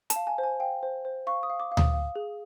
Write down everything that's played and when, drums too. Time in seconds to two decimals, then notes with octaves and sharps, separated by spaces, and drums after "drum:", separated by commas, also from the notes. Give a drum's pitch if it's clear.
0.10 A5, drum: hi-hat
0.16 F5
0.27 G#5
0.38 C5
0.43 G#5
0.60 F5 G5
0.83 C5
1.05 C5
1.27 F5 C#6
1.43 D#6
1.50 F5
1.60 D6
1.72 F5
1.77 D#6, drum: tom D2
1.94 F5
2.16 G#4